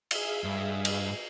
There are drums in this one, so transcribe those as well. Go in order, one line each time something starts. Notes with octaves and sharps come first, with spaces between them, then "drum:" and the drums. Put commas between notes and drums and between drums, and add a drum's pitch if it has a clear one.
G#4 E5 F5, drum: cymbal
G2
drum: cymbal